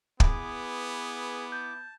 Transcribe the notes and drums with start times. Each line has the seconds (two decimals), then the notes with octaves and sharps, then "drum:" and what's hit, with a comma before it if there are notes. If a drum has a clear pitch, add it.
0.20 B3 E4 G#4 B4 D6, drum: kick
1.52 A5 G6